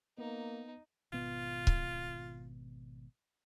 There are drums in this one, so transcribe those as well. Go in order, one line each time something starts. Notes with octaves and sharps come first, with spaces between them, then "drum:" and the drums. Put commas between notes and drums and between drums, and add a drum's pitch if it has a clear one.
A#3 B3 D#4
G#1 B2 B3 F4
drum: kick C#1